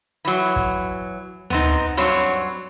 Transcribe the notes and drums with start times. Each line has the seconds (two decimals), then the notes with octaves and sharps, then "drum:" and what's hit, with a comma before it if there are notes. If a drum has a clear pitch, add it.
0.25 E3 F#3
0.56 drum: kick
1.50 B3 C4 D#4, drum: tom D2
1.97 G2 F#3 C4 C#5